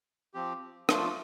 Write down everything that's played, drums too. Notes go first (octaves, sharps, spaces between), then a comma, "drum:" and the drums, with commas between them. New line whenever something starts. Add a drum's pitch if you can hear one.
F3 C4 G4
F3 A3 D4 F4, drum: rim click